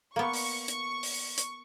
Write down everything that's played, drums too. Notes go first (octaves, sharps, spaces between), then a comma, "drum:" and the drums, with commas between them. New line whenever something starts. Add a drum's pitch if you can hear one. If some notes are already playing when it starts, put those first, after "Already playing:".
A#3 B3 C#6
drum: open hi-hat
drum: hi-hat
drum: open hi-hat
drum: hi-hat